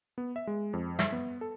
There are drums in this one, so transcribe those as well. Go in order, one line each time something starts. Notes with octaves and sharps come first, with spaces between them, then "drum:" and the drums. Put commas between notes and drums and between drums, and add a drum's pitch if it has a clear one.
B3
E5
G#3
F2
E5, drum: snare
B3
A4